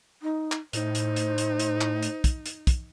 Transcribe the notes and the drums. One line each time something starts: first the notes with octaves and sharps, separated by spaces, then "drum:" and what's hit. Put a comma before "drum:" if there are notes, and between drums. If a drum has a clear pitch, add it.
D#4
drum: clap
A2 D#4 C5, drum: hi-hat
drum: hi-hat
drum: hi-hat
drum: hi-hat
drum: hi-hat
drum: clap
drum: hi-hat
drum: kick, hi-hat
drum: hi-hat
drum: kick, hi-hat